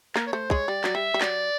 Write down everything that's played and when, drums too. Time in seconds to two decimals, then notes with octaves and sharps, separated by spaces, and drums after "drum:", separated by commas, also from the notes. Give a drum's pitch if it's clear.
0.16 A#3 A#4, drum: clap
0.27 C#5
0.32 A3 C5
0.50 G#3 C#5, drum: kick
0.68 G3 D5
0.84 F#3, drum: clap
0.95 G3 E5
1.14 G3
1.21 F#3 D5, drum: clap